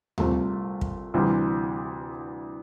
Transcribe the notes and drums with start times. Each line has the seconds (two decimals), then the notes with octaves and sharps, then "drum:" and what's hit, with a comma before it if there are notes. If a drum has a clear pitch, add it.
0.18 C2 A#2 A3 C4, drum: tom D2
0.81 drum: kick
1.14 D2 C3 E3 G3